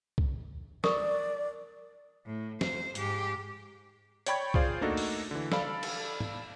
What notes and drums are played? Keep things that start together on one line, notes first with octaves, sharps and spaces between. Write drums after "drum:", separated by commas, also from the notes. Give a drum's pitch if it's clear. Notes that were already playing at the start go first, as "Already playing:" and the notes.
drum: kick
A#4 D5 C#6 D#6, drum: snare
A2
F2 C5, drum: snare
G#2 G4, drum: hi-hat
C#5 D5 G5 B5 C#6 G#6, drum: hi-hat
F4 G#4 C5 D5 F5, drum: kick
A3 A#3 D4 D#4 F#4 A4
drum: open hi-hat
D3 E3
A4 D5 F5 B5, drum: snare
drum: cymbal
drum: tom